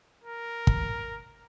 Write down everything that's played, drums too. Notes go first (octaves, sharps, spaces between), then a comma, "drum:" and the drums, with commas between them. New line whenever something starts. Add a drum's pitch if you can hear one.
A#4
drum: kick